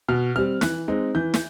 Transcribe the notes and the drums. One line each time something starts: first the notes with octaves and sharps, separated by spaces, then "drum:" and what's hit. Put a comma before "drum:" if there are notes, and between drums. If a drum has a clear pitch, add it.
B2 F6
G3 C4 F6
E3 F#6, drum: snare
G#3 C4 D#4
E3 G6
G6, drum: snare